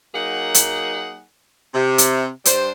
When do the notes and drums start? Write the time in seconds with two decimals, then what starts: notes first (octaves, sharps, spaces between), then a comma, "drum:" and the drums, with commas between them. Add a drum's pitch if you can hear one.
0.15 F#3 A#3 D#4 G#4 F#5
0.54 drum: hi-hat
1.74 C3
1.98 drum: hi-hat
2.45 G2 G3 D4 C5, drum: hi-hat